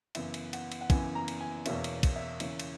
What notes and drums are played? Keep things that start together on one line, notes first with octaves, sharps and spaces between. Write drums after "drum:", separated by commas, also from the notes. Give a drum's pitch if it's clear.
F#2 C#3 E3 B3 E5, drum: cymbal
drum: cymbal
F#5, drum: cymbal
drum: cymbal
F#5
F#2 C#3 E3 B3 G#5, drum: kick, cymbal
A#5
drum: cymbal
G#5
E2 B2 A#3 C#4 E5, drum: cymbal
drum: cymbal
drum: kick, cymbal
E5
C#3 E3 A#3 C#4 E5, drum: cymbal
drum: cymbal